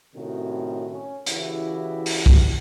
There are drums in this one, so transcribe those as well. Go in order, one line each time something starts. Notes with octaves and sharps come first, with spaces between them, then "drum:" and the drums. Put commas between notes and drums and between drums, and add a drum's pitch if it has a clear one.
A2 C3 D#3 C#4 F#4
C#4
C#3 E3 E4 F#4 G4, drum: hi-hat
drum: open hi-hat
drum: kick